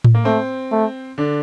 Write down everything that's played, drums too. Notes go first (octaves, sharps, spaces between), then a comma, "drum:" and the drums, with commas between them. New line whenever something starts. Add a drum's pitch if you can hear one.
drum: tom A2
A#3
A3 C4
A3
D3 D4